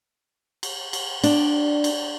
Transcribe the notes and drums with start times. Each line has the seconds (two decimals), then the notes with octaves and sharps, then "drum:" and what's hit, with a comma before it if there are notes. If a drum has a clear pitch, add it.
0.63 drum: cymbal
0.93 drum: cymbal
1.23 D4, drum: cymbal
1.84 drum: cymbal